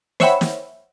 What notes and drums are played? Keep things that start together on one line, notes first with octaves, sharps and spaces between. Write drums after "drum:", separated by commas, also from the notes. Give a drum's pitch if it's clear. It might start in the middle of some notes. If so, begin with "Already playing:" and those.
C5 C#5 E5 F#5 G5 B5, drum: snare
drum: snare